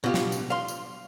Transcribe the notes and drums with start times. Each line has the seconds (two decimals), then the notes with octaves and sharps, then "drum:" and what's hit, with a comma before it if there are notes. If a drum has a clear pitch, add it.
0.04 B2 F4 G4
0.14 drum: snare
0.32 drum: tambourine
0.50 F5 C6
0.68 drum: tambourine